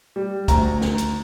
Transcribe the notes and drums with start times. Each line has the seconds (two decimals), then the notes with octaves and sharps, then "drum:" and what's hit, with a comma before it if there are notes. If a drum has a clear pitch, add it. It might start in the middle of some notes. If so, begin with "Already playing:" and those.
0.16 G3
0.48 D2 A#5, drum: kick, hi-hat
0.81 drum: snare
0.98 drum: hi-hat